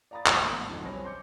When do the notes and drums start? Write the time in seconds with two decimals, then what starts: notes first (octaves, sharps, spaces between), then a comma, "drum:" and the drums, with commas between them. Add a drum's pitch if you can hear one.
0.11 D5 F5 A#5 B5 D#6 A6
0.26 D1 G#1 D#2, drum: clap
0.44 G#1 A2 F3 B3 A5
0.68 B1 F2 D3 E3
0.84 G3 C4 B4 C#5 G#5 A#6
1.05 C6 D6 G6 A#6 C#7